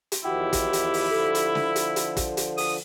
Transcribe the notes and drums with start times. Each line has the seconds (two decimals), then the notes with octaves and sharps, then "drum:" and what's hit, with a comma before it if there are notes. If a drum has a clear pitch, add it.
0.12 drum: hi-hat
0.24 E2 D#3 F3 E4 F#4 G4 F#5 G5
0.53 drum: kick, hi-hat
0.73 drum: hi-hat
0.94 drum: open hi-hat
1.11 D3 F3 A4
1.35 drum: hi-hat
1.55 drum: snare
1.76 drum: hi-hat
1.96 drum: hi-hat
2.17 drum: kick, hi-hat
2.37 drum: hi-hat
2.58 D#6, drum: open hi-hat